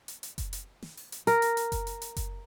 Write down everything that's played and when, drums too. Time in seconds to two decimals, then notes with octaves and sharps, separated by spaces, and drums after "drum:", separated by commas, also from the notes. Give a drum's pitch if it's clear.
0.08 drum: hi-hat
0.23 drum: hi-hat
0.38 drum: kick F#1, hi-hat
0.53 drum: hi-hat
0.82 drum: snare
0.97 drum: open hi-hat
1.12 drum: hi-hat
1.27 A#4, drum: hi-hat
1.42 drum: hi-hat
1.57 drum: hi-hat
1.72 drum: kick F#1, hi-hat
1.87 drum: hi-hat
2.02 drum: hi-hat
2.16 drum: kick F#1, hi-hat